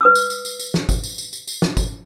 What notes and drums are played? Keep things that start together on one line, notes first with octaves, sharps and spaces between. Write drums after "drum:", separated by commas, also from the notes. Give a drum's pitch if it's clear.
B4 D#6 E6
drum: tambourine
drum: tambourine
drum: tambourine
drum: tambourine
drum: snare
drum: kick, tambourine
drum: tambourine
drum: tambourine
drum: tambourine
drum: tambourine
drum: snare
drum: kick, tambourine